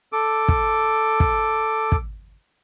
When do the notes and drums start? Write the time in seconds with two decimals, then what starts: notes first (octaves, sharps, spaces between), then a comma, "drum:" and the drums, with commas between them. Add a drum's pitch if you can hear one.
0.13 A4 D6
0.48 drum: kick
1.20 drum: kick
1.92 drum: kick